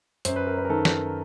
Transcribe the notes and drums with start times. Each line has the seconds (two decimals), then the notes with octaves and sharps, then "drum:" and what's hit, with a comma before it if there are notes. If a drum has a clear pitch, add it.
0.25 F#2 C5, drum: hi-hat
0.36 B4
0.47 A#4
0.58 B4
0.65 A#4
0.69 D#3 A4
0.85 drum: snare